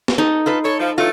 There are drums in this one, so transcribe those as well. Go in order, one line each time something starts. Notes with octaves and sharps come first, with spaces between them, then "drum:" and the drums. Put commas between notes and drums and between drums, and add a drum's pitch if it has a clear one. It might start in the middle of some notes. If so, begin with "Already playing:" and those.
drum: snare
D#4 A4
F4 A4 B4
A4 C#5
F3
E3 F#3 A3 F4